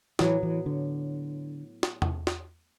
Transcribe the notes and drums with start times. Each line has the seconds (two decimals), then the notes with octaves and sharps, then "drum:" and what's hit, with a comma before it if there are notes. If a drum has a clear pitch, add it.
0.19 A2 E3 F#3 B3, drum: snare
0.43 E3
0.66 D3
1.83 drum: snare
2.02 drum: tom E2
2.27 drum: snare